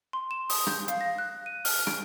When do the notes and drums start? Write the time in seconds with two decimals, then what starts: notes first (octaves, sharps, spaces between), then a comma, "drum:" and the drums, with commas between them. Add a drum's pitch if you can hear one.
0.13 C6
0.31 E7
0.50 D#6, drum: open hi-hat
0.67 G6, drum: rim click
0.88 F5, drum: hi-hat
1.01 A#6
1.18 F#6
1.46 D#7
1.65 F6, drum: open hi-hat
1.87 D7, drum: rim click